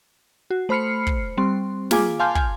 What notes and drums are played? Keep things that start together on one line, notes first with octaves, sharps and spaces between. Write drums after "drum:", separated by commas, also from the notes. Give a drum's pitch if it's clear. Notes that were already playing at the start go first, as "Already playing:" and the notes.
F#4
A3 C5 B5 F6 C7 C#7
drum: kick
G3 C4 C6
A#3 F4 G#4 G#5 D6, drum: snare
F5 G#5 A5 C6 F6 G6
G#5, drum: kick